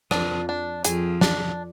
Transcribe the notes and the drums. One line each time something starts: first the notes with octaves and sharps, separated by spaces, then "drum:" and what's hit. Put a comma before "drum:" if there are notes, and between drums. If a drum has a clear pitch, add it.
F2 F3 D4, drum: rim click
D4
F2 F3 G#4, drum: hi-hat
D4, drum: snare